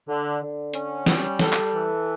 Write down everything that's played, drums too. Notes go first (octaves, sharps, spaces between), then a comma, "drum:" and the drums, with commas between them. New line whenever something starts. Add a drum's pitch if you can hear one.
D3
D3
C#4, drum: hi-hat
G3, drum: snare
A4, drum: snare
drum: clap
E3